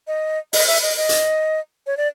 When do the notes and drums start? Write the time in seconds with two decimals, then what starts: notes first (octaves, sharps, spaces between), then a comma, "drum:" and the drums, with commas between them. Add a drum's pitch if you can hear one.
0.07 D#5
0.53 D#5, drum: open hi-hat
0.67 E5
0.83 D#5
0.97 D#5
1.09 drum: hi-hat
1.87 C#5
1.97 D5